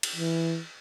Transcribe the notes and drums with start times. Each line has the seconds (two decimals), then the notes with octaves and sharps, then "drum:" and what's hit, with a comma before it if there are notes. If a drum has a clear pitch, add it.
0.03 drum: cymbal
0.16 E3